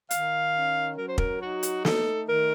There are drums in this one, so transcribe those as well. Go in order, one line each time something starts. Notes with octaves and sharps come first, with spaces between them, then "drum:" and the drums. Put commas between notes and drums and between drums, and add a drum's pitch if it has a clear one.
D#3 F5, drum: hi-hat
C#4
F#3 A#4
C5
A#4, drum: kick
D#4 F#4
drum: hi-hat
A3 A4, drum: snare
D#3 A#4